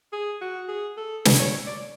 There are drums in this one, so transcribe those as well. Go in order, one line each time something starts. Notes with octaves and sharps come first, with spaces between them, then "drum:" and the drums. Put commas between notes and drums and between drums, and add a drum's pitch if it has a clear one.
G#4
F#4
G#4
A4
A4, drum: snare
C#5
D5